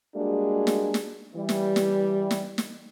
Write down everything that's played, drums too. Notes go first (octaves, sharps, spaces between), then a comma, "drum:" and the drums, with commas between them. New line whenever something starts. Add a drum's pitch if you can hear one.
G3 G#3 A#3 D4 F#4 G#4
drum: snare
drum: snare
E3 G3
drum: snare
drum: snare
drum: snare
drum: snare